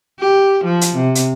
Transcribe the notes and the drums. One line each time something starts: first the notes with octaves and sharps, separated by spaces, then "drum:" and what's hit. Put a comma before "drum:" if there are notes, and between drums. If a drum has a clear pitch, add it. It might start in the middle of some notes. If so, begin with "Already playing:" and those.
G4
F3
drum: hi-hat
C3
drum: hi-hat